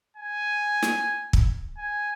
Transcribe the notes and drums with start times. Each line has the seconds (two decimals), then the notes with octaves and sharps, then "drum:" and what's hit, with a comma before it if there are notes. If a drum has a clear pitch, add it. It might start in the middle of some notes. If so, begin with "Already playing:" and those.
0.17 G#5
0.82 drum: snare
1.33 drum: kick
1.78 G#5